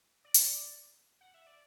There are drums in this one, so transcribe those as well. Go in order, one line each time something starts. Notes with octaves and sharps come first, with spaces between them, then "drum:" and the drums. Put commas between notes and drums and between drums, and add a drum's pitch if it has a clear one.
D5
drum: hi-hat
F#5
E5
D5